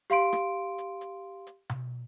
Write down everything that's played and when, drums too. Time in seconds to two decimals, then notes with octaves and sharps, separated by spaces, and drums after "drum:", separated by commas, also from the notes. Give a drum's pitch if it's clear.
0.10 G4 F5 C6 D7, drum: hi-hat
0.33 drum: rim click
0.78 drum: hi-hat
1.01 drum: hi-hat
1.47 drum: hi-hat
1.69 drum: tom B2